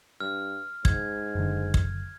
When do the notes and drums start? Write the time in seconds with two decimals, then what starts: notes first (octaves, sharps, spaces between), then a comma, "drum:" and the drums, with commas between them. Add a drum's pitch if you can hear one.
0.20 G2 F6
0.85 G#2 G#6, drum: kick
1.35 F#1 D3
1.74 drum: kick